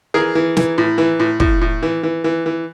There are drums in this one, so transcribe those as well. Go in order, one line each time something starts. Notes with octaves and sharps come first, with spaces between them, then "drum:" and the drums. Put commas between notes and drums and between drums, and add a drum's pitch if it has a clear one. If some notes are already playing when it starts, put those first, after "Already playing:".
E3 G#4 A#4
E3
E3, drum: snare
A2
E3
A2
A2, drum: kick
A2
E3
E3
E3
E3